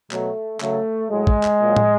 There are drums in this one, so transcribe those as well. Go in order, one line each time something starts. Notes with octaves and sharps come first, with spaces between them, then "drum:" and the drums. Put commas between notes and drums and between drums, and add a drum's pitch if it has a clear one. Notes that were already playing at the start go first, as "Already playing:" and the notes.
B2 F#3 A3, drum: clap
C#3 F#3 A3, drum: clap
A2 F#3 G#3
drum: kick
drum: clap
A#2 F#3
drum: tom